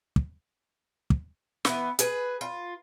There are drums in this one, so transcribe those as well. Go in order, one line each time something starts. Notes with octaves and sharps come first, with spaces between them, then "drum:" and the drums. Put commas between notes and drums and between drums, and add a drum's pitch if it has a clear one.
drum: kick
drum: kick
E3 B3, drum: snare
G#4 B4, drum: hi-hat
F4